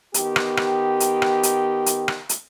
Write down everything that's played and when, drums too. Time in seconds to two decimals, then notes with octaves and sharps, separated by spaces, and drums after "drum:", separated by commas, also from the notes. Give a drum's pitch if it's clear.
0.14 D#3 B3 G4, drum: hi-hat
0.36 drum: rim click
0.57 drum: rim click
1.00 drum: hi-hat
1.22 drum: rim click
1.43 drum: hi-hat
1.86 drum: hi-hat
2.08 drum: rim click
2.29 drum: hi-hat